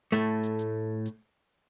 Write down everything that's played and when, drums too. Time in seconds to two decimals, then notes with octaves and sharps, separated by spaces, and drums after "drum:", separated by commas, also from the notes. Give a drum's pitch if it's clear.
0.12 A2 A3, drum: hi-hat
0.43 drum: hi-hat
0.59 drum: hi-hat
1.06 drum: hi-hat